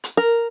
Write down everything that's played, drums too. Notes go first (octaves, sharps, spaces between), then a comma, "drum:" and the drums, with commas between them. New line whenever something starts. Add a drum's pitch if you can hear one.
drum: hi-hat
A#4